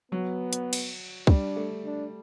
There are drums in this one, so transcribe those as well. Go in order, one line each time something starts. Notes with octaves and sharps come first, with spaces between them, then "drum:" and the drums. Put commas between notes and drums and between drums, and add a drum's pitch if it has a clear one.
F#3 B3
drum: hi-hat
drum: cymbal
G3 D4, drum: kick
A3
D4